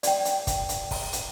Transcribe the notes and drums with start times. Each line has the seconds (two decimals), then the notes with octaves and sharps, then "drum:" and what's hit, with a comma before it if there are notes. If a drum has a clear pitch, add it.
0.03 D5 G5, drum: hi-hat
0.25 drum: hi-hat
0.47 drum: kick, hi-hat
0.69 drum: hi-hat
0.91 drum: kick, open hi-hat
1.13 drum: hi-hat